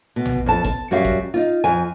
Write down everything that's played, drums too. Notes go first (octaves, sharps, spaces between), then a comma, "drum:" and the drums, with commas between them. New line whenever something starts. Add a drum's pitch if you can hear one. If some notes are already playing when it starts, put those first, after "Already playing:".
B2
drum: tom
F2 A5
A5, drum: kick G#1
F#2 G3 F#4 E5 F5
drum: kick G#1
D#4 F4
F2 G#5